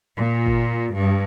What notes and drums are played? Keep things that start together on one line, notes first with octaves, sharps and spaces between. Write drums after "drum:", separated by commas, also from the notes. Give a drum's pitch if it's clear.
A#2
drum: kick
G2